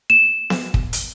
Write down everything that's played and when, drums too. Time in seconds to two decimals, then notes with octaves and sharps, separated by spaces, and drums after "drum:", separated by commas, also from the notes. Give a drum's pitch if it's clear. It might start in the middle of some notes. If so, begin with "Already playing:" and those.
0.10 E7
0.50 drum: snare B3
0.74 drum: kick
0.93 drum: hi-hat